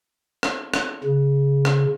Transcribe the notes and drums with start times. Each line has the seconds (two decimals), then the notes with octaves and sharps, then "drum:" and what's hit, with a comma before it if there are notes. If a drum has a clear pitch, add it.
0.43 drum: rim click
0.74 drum: rim click
1.04 C#3
1.65 drum: rim click